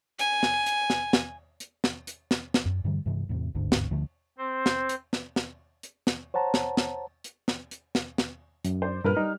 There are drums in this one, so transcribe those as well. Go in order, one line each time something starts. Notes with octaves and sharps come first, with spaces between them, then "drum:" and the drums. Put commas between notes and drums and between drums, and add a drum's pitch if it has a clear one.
G#5, drum: hi-hat
drum: snare
drum: hi-hat
drum: snare
drum: snare
drum: hi-hat
drum: snare
drum: hi-hat
drum: snare
drum: snare
F#2
G2 D3 E3 G3
G2 C3 E3 G#3
E2 A2 C3
G1 D2 G#2 D3
drum: snare
D2 D3 F3 A3
C4 C5
drum: snare
drum: hi-hat
drum: snare
drum: snare
drum: hi-hat
drum: snare
C5 C#5 F#5 A5 A#5
drum: snare
drum: snare
drum: hi-hat
drum: snare
drum: hi-hat
drum: snare
drum: snare
F#2, drum: hi-hat
C5 D5
G2 A#2 A#4 B4 F6
G3 D#4